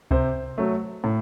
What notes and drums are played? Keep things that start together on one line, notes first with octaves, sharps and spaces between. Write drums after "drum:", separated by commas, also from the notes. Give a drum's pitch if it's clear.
C3 C5, drum: kick C2
F#3 A3
A2